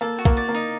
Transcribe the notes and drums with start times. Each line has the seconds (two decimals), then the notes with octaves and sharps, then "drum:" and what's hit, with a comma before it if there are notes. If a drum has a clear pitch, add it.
0.01 A#3 A4
0.19 F#4
0.25 A#3, drum: kick
0.37 D5
0.49 A#3
0.54 D#4